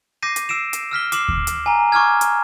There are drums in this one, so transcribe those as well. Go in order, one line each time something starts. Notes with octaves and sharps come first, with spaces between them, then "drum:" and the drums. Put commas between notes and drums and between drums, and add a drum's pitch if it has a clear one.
D6 G6 A#6 C7 D#7
drum: hi-hat
E6 C7 D7 E7
drum: hi-hat
E6 F6 B6 G7
D6 C7 E7 F#7, drum: hi-hat
drum: kick D#2
drum: hi-hat
G#5 A#5
C#6 D6 E6 F6 G#6
drum: hi-hat